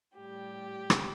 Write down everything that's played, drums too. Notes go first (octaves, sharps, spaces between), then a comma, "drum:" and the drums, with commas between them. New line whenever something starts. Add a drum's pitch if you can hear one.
A2 G3 G4
drum: rim click